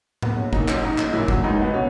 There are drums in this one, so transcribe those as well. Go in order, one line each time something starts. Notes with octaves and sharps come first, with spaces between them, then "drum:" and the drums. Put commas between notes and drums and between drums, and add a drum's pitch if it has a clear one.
A#1 B3, drum: tom A2
C#4
A#2 F#3 D#4, drum: kick G1
C#4, drum: clap
A#1 D#4
drum: clap
A#2 F#3 E4
drum: kick G1
C#2 D#4
B3
B2 C#4